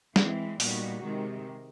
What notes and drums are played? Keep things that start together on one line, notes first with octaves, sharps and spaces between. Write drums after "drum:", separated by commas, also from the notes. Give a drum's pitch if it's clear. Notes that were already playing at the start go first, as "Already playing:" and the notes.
E3 G#3 C4, drum: snare
A#2 G3 B3 D#4 F#4, drum: open hi-hat
C3 D#3 G#3